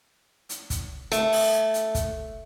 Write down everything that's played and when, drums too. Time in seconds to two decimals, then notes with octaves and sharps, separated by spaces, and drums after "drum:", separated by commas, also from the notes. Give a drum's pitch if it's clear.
0.49 drum: hi-hat
0.70 drum: kick, hi-hat
1.12 A3, drum: hi-hat
1.32 drum: open hi-hat
1.74 drum: hi-hat
1.95 drum: kick, hi-hat